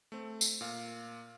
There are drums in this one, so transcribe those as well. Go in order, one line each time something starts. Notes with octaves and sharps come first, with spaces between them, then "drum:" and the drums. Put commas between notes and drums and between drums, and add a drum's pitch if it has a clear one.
A3 C4
drum: tambourine
A#2 F5